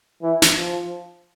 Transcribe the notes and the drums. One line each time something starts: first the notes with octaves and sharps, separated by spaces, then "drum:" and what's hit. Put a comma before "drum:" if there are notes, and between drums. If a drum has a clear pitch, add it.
E3
drum: snare
F3